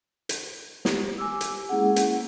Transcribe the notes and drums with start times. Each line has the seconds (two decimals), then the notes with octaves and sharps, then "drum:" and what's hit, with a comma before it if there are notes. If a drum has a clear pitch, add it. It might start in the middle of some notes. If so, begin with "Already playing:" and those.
0.29 drum: hi-hat
0.85 G4, drum: snare
1.18 G#5 D6 E6
1.41 drum: hi-hat
1.69 G#3 A#3 C#4 E4 G#4 F#5
1.96 drum: hi-hat